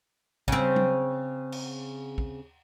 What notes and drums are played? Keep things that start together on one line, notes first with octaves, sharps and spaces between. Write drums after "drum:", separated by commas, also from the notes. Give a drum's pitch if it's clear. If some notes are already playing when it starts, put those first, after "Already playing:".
C#3 C4, drum: kick
drum: tom F#3
drum: cymbal
drum: kick